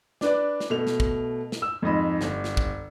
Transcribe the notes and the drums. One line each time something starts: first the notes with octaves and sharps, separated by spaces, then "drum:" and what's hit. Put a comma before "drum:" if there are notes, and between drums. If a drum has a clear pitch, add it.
D4 B4 D5, drum: snare
drum: snare
B2 A3 F7
drum: snare
drum: kick
drum: snare
E6
F2 G#2 D#5 B5
G1, drum: snare
drum: snare
drum: kick